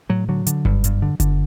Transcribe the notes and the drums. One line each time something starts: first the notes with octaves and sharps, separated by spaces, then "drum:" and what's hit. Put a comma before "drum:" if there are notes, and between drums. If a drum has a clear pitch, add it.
A2 F#3
D3 F#3
D3, drum: hi-hat
G2, drum: kick F#1
G2, drum: hi-hat
D3
D3, drum: kick F#1, hi-hat